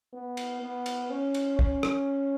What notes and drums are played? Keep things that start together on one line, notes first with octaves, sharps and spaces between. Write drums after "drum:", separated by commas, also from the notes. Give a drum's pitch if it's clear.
B3
drum: cymbal
B3
drum: cymbal
C#4
drum: cymbal
C#4, drum: kick
drum: rim click